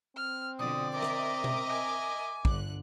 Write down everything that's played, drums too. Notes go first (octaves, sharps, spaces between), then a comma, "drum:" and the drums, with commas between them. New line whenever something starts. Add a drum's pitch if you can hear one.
C4 F6
B2 D3 F3 D5 D#6
A#4 D#5 E5 D6
drum: rim click
drum: tom B2
G#5
G1 D3 F#6, drum: kick